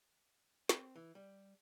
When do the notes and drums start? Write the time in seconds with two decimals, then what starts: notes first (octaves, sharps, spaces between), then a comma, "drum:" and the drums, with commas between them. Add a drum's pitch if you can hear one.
0.69 C4, drum: snare
0.96 E3
1.15 G3